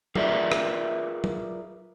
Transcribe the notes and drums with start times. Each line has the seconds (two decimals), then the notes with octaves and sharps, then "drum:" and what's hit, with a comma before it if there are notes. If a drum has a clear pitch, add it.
0.15 F4 G#4 A#4 B4 D5 E5, drum: tom F#3
0.52 drum: rim click
1.24 drum: tom F#3